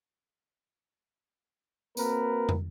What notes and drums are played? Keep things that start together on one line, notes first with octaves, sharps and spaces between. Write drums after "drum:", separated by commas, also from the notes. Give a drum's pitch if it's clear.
A#3 C4 F#4 A#4 B4, drum: tambourine
drum: tom